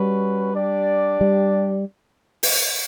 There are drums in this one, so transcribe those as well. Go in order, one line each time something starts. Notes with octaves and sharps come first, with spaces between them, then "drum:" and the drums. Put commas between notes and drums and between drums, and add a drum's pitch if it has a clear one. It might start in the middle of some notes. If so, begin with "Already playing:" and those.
Already playing: G3 C#4 F#4 B4
D4 G4 D5
G3
drum: open hi-hat